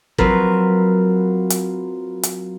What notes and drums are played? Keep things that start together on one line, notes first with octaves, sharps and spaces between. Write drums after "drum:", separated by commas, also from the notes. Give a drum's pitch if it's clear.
F#3 C4 F4 A#4 B4, drum: kick
drum: hi-hat
drum: hi-hat